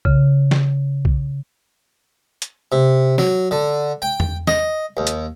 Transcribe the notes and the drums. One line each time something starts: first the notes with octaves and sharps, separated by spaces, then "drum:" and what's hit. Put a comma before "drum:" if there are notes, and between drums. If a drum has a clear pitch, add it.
C#3, drum: kick
drum: snare
drum: kick
drum: hi-hat
C3
F#3, drum: snare
D3
G5
drum: tom E2
D#5, drum: snare
D#2
drum: hi-hat